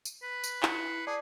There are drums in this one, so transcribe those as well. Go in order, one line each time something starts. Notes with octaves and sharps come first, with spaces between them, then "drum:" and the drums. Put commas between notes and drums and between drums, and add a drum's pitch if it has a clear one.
drum: tambourine
B4
drum: tambourine
E4 C#7, drum: clap
C7
G#4 D5 A5 D6